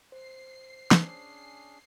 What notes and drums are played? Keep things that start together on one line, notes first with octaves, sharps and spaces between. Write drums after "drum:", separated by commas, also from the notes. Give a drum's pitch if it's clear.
C5 C7
C#4 D4 G#4, drum: snare